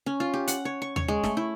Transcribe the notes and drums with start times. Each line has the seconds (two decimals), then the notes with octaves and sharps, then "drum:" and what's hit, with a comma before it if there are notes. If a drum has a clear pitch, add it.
0.06 C#4
0.20 F4
0.34 G4
0.47 F#5, drum: hi-hat
0.65 C#5
0.82 C#6
0.96 C#5, drum: tom D#2
1.08 G#3
1.24 A3, drum: snare
1.37 E4